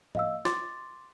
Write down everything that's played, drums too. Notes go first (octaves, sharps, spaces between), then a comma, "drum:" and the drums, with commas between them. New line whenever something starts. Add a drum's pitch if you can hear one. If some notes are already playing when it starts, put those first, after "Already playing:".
D#5 F5 E6, drum: tom
C6 D6 A6, drum: snare